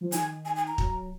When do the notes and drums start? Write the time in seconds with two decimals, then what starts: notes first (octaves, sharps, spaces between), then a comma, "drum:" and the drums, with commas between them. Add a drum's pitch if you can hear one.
0.01 F3
0.12 D#3 G#5, drum: hi-hat
0.45 G#5
0.56 G#5
0.67 A#5
0.78 F#3, drum: kick